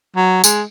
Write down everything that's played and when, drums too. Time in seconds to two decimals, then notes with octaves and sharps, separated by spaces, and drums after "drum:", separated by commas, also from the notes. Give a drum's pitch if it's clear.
0.16 F#3
0.44 G#3, drum: tambourine